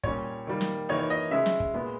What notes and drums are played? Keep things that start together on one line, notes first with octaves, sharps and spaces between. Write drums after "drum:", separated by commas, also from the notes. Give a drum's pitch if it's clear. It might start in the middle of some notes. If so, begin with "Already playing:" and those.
A#2 G3 C#4 C#5, drum: kick
D#3 G3 A#3
drum: snare
E3 A#3 D#4 C#5
C#5
D#5
C#3 G#3 C#4 E5
drum: snare
drum: kick
A#2 G#3 B3